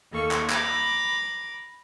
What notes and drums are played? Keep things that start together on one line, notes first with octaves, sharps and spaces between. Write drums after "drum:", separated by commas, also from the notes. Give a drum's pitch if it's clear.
D#2 A#3 A4 C#6
drum: clap
A#5 B5 D6, drum: clap